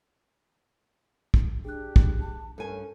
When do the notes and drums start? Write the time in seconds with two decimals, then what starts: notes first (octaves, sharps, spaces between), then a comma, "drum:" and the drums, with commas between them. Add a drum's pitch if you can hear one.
1.34 drum: kick
1.65 D4 G4 G#4 F#6
1.96 drum: kick
2.20 A5
2.58 G2 C#4 A4 A#4 G#5